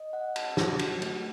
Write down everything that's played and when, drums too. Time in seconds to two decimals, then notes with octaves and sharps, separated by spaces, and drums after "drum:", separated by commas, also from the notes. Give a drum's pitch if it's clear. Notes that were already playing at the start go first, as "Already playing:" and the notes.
Already playing: D#5
0.13 F#5
0.36 A5, drum: cymbal
0.57 G4, drum: snare
0.79 F#4, drum: cymbal
1.02 A3, drum: cymbal